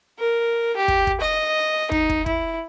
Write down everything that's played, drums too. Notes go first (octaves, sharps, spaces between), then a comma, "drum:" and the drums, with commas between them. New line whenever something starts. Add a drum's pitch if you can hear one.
A#4
G4
drum: kick
drum: kick
D#5
D#4, drum: kick
drum: kick
E4, drum: kick